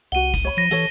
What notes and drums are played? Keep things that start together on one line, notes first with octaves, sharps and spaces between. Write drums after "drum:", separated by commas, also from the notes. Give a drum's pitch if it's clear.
C2 F#4 F#5 D#7 G7
drum: kick F1, hi-hat
C#5 B5
F3 A#6 D#7
E3 A4 C#5 G7, drum: hi-hat